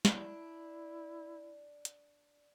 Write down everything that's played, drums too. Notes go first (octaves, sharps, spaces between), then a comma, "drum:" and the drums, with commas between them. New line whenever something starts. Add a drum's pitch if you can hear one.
D4 E4, drum: snare
drum: hi-hat